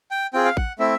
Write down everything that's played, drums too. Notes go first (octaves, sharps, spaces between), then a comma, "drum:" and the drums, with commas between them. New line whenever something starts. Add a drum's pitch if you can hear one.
G5
C4 F4 G#4 G5
F5
F#5, drum: kick A1
A3 C4 E4 E5